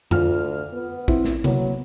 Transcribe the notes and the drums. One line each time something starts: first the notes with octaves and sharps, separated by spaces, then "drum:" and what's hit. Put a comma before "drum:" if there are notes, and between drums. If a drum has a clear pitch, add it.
D2 F4 F6, drum: tom F2
B3
C4 E4, drum: kick
drum: snare
F#3 A#3 B3, drum: tom C3